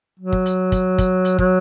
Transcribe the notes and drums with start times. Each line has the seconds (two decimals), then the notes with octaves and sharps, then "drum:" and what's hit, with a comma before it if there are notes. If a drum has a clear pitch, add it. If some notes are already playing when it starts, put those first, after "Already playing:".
0.19 F#3
0.32 drum: kick
0.46 drum: hi-hat
0.72 drum: kick, hi-hat
0.98 drum: kick, hi-hat
1.25 drum: hi-hat
1.38 F#3, drum: kick